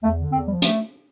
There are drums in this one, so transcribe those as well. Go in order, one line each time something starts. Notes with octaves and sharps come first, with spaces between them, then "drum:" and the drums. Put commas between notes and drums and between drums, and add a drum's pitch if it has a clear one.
E2 A3
D3
E2 C4
F3 G3
A3, drum: hi-hat